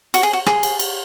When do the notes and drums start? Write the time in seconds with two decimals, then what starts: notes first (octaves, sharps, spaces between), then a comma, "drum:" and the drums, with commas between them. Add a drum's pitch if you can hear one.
0.14 F#4, drum: cymbal
0.23 G#4
0.33 F#4
0.46 G#4, drum: rim click
0.63 drum: cymbal
0.79 drum: cymbal